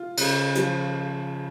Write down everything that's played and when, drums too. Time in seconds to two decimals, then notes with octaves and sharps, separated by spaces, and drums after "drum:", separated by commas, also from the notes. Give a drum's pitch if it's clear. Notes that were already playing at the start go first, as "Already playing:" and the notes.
Already playing: F4
0.17 C#3, drum: cymbal
0.55 F3, drum: hi-hat